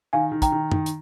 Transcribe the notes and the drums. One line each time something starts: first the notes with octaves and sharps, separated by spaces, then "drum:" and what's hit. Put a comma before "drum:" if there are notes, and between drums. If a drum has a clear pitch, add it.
D#3 F5 G#5
D#3
G5 A#5, drum: kick, hi-hat
D#3
D#3, drum: tom
drum: hi-hat